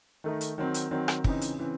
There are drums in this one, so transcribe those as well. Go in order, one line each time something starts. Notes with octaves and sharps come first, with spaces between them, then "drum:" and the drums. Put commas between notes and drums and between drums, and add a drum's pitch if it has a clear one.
D#3 A3 D#4
drum: hi-hat
D#3 F#3 C4
drum: hi-hat
D#3 F#3 C4
drum: rim click
C#3 E3 C4 D#4, drum: kick
drum: hi-hat
C#3 E3 C4